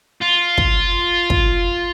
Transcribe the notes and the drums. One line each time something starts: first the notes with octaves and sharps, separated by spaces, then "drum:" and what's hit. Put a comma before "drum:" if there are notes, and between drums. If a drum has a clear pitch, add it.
F4
drum: kick
drum: kick